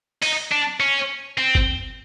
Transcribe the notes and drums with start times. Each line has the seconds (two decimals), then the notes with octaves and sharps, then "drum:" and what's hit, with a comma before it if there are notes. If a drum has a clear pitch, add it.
0.22 D#4, drum: open hi-hat
0.51 D4
0.80 C#4
1.38 C4
1.55 drum: kick G1